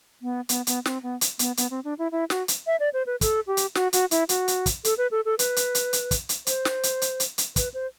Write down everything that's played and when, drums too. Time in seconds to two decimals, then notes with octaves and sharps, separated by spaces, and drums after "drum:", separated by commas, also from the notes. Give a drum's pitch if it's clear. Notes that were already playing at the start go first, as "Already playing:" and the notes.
0.22 B3
0.49 B3, drum: hi-hat
0.67 B3, drum: hi-hat
0.86 C4, drum: snare
1.03 B3
1.21 drum: hi-hat
1.39 B3, drum: hi-hat
1.57 B3, drum: hi-hat
1.70 C4
1.84 D4
1.99 E4
2.12 E4
2.30 F#4, drum: snare
2.48 drum: hi-hat
2.67 E5
2.80 D5
2.93 C5
3.06 B4
3.21 A4, drum: kick, hi-hat
3.47 G4
3.57 drum: hi-hat
3.75 F#4, drum: snare
3.93 F#4, drum: hi-hat
4.11 E4, drum: hi-hat
4.29 F#4, drum: hi-hat
4.48 drum: hi-hat
4.66 drum: kick, hi-hat
4.85 A4, drum: hi-hat
4.98 B4
5.11 A4
5.25 A4
5.39 B4, drum: hi-hat
5.56 drum: hi-hat
5.75 drum: hi-hat
5.93 drum: hi-hat
6.11 drum: kick, hi-hat
6.29 drum: hi-hat
6.47 C5, drum: hi-hat
6.65 drum: snare
6.83 drum: hi-hat
7.02 drum: hi-hat
7.20 drum: hi-hat
7.38 drum: hi-hat
7.56 B4, drum: kick, hi-hat
7.74 C5